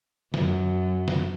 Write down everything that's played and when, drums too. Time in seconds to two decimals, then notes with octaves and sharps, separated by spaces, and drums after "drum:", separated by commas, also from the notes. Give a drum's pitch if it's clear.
0.34 F#2, drum: snare
1.08 drum: snare